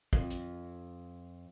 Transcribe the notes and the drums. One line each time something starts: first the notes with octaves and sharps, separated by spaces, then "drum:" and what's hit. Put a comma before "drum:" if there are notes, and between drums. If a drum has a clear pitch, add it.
F2, drum: kick
drum: hi-hat